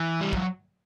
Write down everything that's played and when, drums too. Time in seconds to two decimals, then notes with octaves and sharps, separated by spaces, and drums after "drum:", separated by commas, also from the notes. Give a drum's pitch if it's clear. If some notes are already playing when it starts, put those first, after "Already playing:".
Already playing: E3
0.21 G3
0.33 F#3, drum: kick